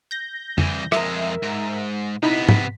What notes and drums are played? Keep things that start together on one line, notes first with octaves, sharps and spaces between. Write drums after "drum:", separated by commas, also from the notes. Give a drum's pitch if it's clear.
G6 A#6
C2 E3, drum: tom F2
F2 G#3 A#4 E5, drum: rim click
G#2
C3 B3 D#4 E4 B6
drum: tom